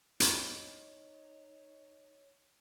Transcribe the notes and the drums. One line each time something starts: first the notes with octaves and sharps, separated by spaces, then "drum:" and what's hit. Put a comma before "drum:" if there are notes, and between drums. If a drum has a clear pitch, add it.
D#4 C#5 A#5 B5, drum: hi-hat